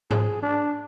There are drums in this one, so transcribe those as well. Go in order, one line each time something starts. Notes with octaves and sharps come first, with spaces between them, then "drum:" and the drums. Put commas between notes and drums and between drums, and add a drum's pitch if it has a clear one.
G#4, drum: tom G#2
D4